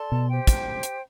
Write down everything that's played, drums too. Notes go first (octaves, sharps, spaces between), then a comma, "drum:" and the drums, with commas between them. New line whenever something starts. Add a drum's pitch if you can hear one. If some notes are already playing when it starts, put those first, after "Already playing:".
Already playing: A4 D5 A5 C6
B2
G4 C5 G5
drum: kick, hi-hat
drum: hi-hat